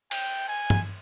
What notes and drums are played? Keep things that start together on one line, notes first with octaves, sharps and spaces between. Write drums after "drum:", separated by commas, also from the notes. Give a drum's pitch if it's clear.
G5, drum: cymbal
G#5
drum: tom